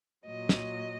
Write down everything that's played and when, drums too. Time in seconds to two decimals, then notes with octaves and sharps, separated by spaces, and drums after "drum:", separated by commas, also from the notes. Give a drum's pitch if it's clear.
0.25 A#2 F#3 D#5
0.49 drum: snare